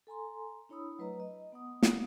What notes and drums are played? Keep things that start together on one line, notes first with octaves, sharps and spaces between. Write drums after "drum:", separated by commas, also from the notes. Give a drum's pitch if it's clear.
A4 G#5 A#5 C6
D4 E4 C#5 B5 D#6 E6
F#3 A3 B4 C#5 D#5 A#5
D#5
B3 F#5 D#6
drum: snare